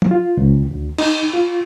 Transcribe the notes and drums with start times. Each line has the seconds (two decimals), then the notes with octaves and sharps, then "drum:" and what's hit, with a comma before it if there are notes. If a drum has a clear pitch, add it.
0.02 drum: tom
0.11 F4
0.37 C#2
0.71 D2
0.98 D#4, drum: cymbal
1.33 F4